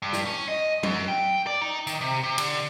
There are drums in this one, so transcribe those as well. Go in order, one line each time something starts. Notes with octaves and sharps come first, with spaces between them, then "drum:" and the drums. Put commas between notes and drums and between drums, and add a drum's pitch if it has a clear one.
G2
drum: snare
C#4
D#5
F#2, drum: tom F#3
G5
D5
D#4
D#3, drum: tambourine
C3
C3
D3, drum: cymbal